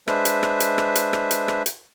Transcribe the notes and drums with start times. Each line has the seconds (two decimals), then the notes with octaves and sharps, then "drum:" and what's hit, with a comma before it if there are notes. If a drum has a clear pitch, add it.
0.08 G#3 D4 B4 C5 E5, drum: rim click
0.25 drum: hi-hat
0.43 drum: rim click
0.60 drum: hi-hat
0.78 drum: rim click
0.95 drum: hi-hat
1.13 drum: rim click
1.31 drum: hi-hat
1.48 drum: rim click
1.66 drum: hi-hat